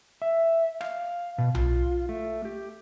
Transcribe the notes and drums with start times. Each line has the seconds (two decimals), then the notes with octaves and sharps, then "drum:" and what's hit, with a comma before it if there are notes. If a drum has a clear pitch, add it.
0.22 E5
0.81 F5, drum: rim click
1.38 B2
1.55 F4, drum: tom B1
2.09 A3
2.45 G4